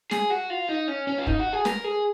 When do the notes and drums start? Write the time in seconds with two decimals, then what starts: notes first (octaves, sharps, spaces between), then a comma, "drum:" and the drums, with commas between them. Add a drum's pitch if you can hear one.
0.11 G#4, drum: snare
0.30 F#4
0.50 F4
0.69 D#4
0.88 C#4
1.07 C#4
1.18 F4
1.27 D#4, drum: kick
1.40 F#4
1.53 G#4
1.65 A#4, drum: snare
1.84 G#4